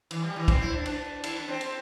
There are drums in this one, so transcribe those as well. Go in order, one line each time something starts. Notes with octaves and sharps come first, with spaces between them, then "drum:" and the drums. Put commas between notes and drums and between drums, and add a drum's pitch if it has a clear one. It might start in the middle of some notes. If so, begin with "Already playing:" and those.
E3, drum: cymbal
G3
E3
C4, drum: kick, cymbal
E4
D4
D4, drum: cymbal
E4, drum: cymbal
D4
C4
drum: cymbal